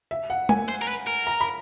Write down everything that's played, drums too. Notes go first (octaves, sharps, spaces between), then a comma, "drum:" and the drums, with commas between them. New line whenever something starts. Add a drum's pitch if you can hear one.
E5
F#5
G#5, drum: tom G#3
C5
A#4
B4
A#4
A#5
B5